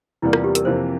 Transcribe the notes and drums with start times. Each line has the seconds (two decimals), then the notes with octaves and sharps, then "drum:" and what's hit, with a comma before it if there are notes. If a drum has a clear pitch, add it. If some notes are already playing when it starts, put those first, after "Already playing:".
0.22 E2 C3 G3 A#3 E4
0.33 F4, drum: rim click
0.44 G4
0.55 A#4, drum: hi-hat
0.65 F2 C3 E3 A#3 C5